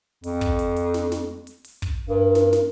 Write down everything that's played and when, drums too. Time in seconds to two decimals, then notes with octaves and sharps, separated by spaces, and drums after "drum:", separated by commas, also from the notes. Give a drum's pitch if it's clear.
0.24 F2, drum: open hi-hat
0.41 drum: kick, hi-hat
0.59 drum: hi-hat
0.76 drum: hi-hat
0.94 drum: snare
1.12 drum: snare
1.47 drum: hi-hat
1.65 drum: open hi-hat
1.82 drum: kick, hi-hat
2.09 G2 A#4
2.35 drum: snare
2.53 drum: snare